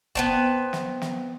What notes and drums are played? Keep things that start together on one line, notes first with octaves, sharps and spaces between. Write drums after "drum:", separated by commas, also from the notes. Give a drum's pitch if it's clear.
B3 C4 A5, drum: kick
drum: snare
drum: snare